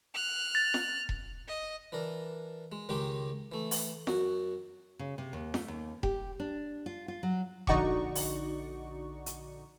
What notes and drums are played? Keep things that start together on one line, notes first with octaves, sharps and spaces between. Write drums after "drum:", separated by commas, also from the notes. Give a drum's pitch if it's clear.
F6 F#6
A6
drum: snare
drum: kick E1
D#5
E3 D4 A#4
G#3
C#2 D#3 G#3 D#4 G4 D6
E3 A3
drum: open hi-hat
F#2 F#4, drum: snare
C#3
C3
D#2
A3, drum: snare
D#2
G4, drum: kick E1
D4
F4
F4
F#3
A#1 D3 D#4 F#4 D5 C#6, drum: kick E1
drum: open hi-hat
drum: hi-hat